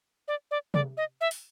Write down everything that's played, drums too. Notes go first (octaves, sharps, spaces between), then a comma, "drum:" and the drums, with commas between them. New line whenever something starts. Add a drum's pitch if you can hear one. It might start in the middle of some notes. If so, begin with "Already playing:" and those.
D5
D5
D5, drum: tom C3
D#5
E5
drum: open hi-hat